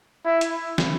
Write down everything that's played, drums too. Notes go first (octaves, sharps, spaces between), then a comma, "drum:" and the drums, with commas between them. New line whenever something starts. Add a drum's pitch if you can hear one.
E4
drum: hi-hat
drum: snare